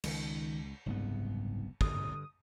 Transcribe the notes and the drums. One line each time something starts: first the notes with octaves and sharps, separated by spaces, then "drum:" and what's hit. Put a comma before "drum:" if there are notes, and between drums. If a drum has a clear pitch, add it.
C#2 D#3, drum: cymbal
F#1 C2 G#2 B3
G2 D3 D#6, drum: kick